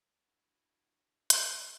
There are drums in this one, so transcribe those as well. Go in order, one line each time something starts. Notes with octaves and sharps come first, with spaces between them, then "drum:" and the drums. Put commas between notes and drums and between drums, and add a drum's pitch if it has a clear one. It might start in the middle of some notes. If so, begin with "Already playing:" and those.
D4 E4 F#4
drum: hi-hat